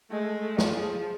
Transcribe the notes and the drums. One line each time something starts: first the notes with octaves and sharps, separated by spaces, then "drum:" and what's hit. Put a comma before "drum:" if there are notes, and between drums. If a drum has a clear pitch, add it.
G#3 A3
A3
F3, drum: snare
G#4